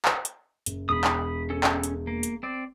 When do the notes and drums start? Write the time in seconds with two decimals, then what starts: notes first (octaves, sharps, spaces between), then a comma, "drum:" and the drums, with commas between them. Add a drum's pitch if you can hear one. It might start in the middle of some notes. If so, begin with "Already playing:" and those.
0.05 drum: clap
0.25 drum: hi-hat
0.66 F#1, drum: hi-hat
0.89 E1 B5 D#6
1.04 drum: clap
1.50 C#4 A4
1.64 drum: clap
1.84 drum: hi-hat
2.07 A#3
2.23 drum: hi-hat
2.43 C4 D5